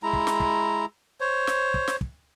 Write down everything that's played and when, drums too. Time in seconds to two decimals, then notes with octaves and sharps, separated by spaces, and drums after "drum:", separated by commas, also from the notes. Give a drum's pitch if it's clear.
0.03 G#3 E4 A#5
0.13 drum: kick
0.27 drum: snare
0.40 drum: kick
1.21 C5 C#5
1.47 drum: snare
1.74 drum: kick
1.88 drum: snare
2.01 drum: kick